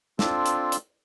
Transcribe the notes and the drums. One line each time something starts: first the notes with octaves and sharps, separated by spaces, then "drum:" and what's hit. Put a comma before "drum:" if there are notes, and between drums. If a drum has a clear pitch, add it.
C4 D4 F4 A4, drum: snare
drum: hi-hat
drum: hi-hat